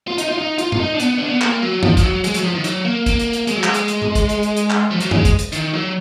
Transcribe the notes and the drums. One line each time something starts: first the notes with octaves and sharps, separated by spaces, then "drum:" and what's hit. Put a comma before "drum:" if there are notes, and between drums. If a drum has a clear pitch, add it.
F4
D#4, drum: hi-hat
F4
D#4
F4, drum: hi-hat
F4, drum: tom A2
D#4
D4
B3, drum: hi-hat
D4
B3
A#3, drum: clap
F#3
F3, drum: tom F#2
F3, drum: kick, hi-hat
F#3
G#3, drum: hi-hat
F#3, drum: hi-hat
F3
D#3
F#3, drum: hi-hat
A#3
A#3, drum: kick, hi-hat
drum: hi-hat
drum: hi-hat
G#3, drum: hi-hat
F#3
G#3, drum: clap
drum: hi-hat
drum: hi-hat
drum: tom A2
drum: kick, hi-hat
drum: hi-hat
drum: hi-hat
drum: hi-hat
drum: clap
F3
F#3, drum: hi-hat
G#3, drum: tom F#2
drum: kick, hi-hat
drum: hi-hat
D#3, drum: hi-hat
F#3